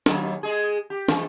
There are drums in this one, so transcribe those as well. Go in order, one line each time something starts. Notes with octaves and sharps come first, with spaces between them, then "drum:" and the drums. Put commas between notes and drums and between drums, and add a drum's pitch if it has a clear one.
D#2 F#3, drum: snare
G#3 G#4
G4
E3 G#3, drum: snare